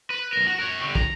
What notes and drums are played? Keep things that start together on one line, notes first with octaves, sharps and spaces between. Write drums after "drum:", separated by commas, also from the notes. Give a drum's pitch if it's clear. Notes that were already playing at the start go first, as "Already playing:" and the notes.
B4
B1 A#4
F#4
A#4 C#5
D3 G3
A#5, drum: kick